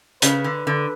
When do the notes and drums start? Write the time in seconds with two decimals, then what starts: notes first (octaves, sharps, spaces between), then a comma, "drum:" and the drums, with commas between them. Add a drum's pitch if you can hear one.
0.22 C#3 B4, drum: hi-hat
0.44 D3
0.67 D3